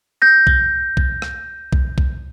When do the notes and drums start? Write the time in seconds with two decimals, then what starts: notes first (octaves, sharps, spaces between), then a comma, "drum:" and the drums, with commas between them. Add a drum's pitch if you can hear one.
0.22 G6 A#6
0.47 drum: kick B1
0.97 drum: kick B1
1.22 drum: rim click
1.73 drum: kick B1
1.98 drum: kick B1